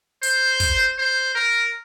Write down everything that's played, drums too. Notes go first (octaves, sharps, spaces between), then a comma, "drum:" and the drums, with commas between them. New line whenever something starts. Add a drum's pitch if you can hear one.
C5, drum: hi-hat
drum: kick, hi-hat
C5
A#4